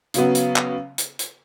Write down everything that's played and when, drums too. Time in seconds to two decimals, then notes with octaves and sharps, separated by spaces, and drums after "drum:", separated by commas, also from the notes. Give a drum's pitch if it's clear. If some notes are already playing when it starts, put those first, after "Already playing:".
0.14 C#3 F#3 B3, drum: hi-hat
0.35 drum: hi-hat
0.56 drum: clap
0.98 drum: hi-hat
1.19 drum: hi-hat